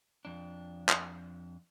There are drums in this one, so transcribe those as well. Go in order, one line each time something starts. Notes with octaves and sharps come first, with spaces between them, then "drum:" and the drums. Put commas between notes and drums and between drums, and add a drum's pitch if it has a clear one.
F2 D4
drum: clap